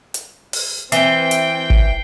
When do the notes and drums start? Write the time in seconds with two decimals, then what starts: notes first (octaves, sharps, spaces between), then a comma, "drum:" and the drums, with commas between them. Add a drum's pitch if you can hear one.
0.14 drum: hi-hat
0.53 drum: open hi-hat
0.92 E3 C4 G5 C7 G7, drum: hi-hat
1.31 drum: hi-hat
1.70 drum: kick G1